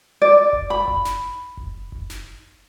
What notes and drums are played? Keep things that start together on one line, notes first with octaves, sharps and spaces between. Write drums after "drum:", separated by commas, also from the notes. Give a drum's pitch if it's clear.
D5
drum: kick F#1
B5
drum: kick F#1
drum: snare
drum: kick F#1
drum: kick F#1
drum: snare